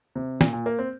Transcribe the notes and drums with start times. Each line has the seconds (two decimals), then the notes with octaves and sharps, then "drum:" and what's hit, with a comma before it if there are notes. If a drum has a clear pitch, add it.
0.15 C3
0.41 A#2, drum: snare
0.53 A#2
0.66 A#3
0.79 C4